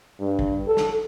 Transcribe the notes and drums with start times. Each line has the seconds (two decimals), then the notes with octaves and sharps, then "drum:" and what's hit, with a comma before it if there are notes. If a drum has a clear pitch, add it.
0.20 G2
0.39 drum: kick
0.67 A4
0.77 drum: snare